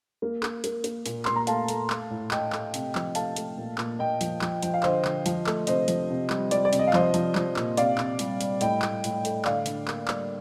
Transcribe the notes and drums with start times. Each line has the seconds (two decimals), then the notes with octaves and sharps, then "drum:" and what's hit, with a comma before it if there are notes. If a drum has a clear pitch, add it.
0.22 A#3
0.43 A#3, drum: clap
0.64 A#3, drum: hi-hat
0.84 A#3, drum: hi-hat
1.06 A#2, drum: hi-hat
1.25 A#2 C6, drum: clap
1.36 A#5
1.47 A3 F5 A5, drum: hi-hat
1.68 A3, drum: hi-hat
1.90 A3, drum: clap
2.10 A2
2.31 A2 D#5 G5, drum: clap
2.52 A3, drum: clap
2.74 C3, drum: hi-hat
2.95 F3, drum: clap
3.15 A3 F5 A5, drum: hi-hat
3.36 A3, drum: hi-hat
3.57 A#2
3.78 A#2, drum: clap
3.99 A#2 D#5 G5
4.21 F3, drum: hi-hat
4.41 F3, drum: clap
4.63 F3 G5, drum: hi-hat
4.74 F5
4.83 D3 C5 D#5, drum: clap
5.05 D3, drum: clap
5.26 F3, drum: hi-hat
5.47 A3, drum: clap
5.67 C3 C5 D#5, drum: hi-hat
5.88 F3, drum: hi-hat
6.10 C3
6.30 G3, drum: clap
6.51 G3 D5, drum: hi-hat
6.65 D5
6.73 C3, drum: hi-hat
6.79 D#5
6.87 F5
6.93 F3 C5 D#5, drum: clap
7.14 F3, drum: hi-hat
7.35 F3, drum: clap
7.56 A#2, drum: clap
7.77 C3 D5 F5, drum: hi-hat
7.98 C3, drum: clap
8.19 G3, drum: hi-hat
8.41 G3, drum: hi-hat
8.61 A2 D#5 G5, drum: hi-hat
8.82 A2, drum: clap
9.04 A2, drum: hi-hat
9.25 A3, drum: hi-hat
9.45 D3 D5 F5, drum: clap
9.66 D3, drum: hi-hat
9.88 A#3, drum: clap
10.08 G3, drum: clap